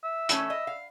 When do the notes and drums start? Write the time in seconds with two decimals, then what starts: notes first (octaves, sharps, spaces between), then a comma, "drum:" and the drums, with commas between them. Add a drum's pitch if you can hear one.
0.04 E5
0.29 E3 A3 C#4, drum: hi-hat
0.50 D#5
0.67 F5